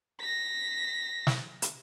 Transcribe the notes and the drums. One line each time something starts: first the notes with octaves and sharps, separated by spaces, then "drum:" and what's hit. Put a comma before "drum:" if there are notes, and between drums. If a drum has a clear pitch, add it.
A#6 B6
drum: snare
drum: hi-hat